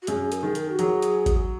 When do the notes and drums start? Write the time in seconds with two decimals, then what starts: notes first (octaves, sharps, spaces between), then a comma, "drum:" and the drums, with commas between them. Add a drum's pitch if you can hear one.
0.02 F#4
0.07 F#2 G#4, drum: hi-hat
0.20 G#4
0.32 A#4, drum: hi-hat
0.43 D#3 G#4
0.55 A#4, drum: hi-hat
0.70 F#4
0.79 F#3 G#4, drum: hi-hat
1.02 drum: hi-hat
1.26 drum: kick G1, hi-hat